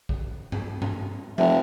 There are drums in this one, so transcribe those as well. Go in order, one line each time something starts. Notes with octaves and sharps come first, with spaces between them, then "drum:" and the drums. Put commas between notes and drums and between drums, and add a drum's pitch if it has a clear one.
drum: kick A#1
drum: tom G2
drum: tom G2
F1 E5, drum: tom F3